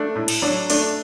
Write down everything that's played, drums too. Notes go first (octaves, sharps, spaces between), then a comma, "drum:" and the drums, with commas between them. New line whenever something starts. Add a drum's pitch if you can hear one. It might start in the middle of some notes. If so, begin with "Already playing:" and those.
Already playing: A3 D4
A2
drum: cymbal
F#3 D4
A3 D4, drum: open hi-hat